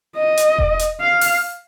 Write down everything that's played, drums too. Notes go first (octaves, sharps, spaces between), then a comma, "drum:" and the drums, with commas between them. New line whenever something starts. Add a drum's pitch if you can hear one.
D#5
drum: hi-hat
drum: kick E1
drum: hi-hat
F5
drum: open hi-hat